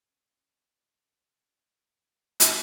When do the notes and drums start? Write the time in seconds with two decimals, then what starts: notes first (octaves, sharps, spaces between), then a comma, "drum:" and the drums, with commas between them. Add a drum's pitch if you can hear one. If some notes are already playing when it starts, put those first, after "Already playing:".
0.01 A1 C4 D#7
0.22 C#4
2.40 drum: hi-hat